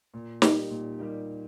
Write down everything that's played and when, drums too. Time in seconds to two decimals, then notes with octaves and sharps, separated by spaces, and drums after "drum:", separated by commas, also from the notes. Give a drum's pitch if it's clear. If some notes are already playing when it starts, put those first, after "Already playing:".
0.14 A#2
0.42 G3 A#3 D#4 G4, drum: snare
0.70 A#2
0.99 G3 A#3 D#4 G4